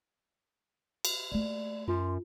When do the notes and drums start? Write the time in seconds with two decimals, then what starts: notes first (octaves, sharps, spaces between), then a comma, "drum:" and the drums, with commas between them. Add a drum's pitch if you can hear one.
1.05 drum: cymbal
1.31 A3 A#3 D5
1.88 F#2 F4 C6